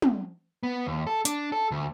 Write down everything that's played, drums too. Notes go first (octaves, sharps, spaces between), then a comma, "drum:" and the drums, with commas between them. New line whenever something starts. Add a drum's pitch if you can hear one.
drum: tom
B3
D#2
A4
D4, drum: hi-hat
A4
D2